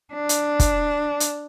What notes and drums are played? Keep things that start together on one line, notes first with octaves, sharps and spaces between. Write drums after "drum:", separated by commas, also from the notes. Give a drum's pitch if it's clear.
D4
drum: hi-hat
drum: kick, hi-hat
drum: hi-hat